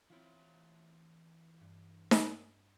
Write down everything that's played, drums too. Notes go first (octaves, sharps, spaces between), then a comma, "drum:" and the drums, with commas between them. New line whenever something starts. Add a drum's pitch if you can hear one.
E3 C4 E4 F4 C#5
G2
drum: snare D#4